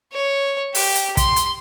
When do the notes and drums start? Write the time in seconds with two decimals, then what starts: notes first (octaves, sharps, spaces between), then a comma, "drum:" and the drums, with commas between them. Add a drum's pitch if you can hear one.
0.13 C#5
0.75 G4, drum: open hi-hat
0.95 drum: hi-hat
1.17 C6, drum: kick, hi-hat
1.36 drum: hi-hat